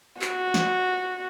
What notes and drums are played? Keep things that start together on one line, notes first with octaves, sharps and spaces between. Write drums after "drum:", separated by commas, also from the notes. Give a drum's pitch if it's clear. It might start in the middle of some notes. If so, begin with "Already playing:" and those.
F#4, drum: clap
drum: snare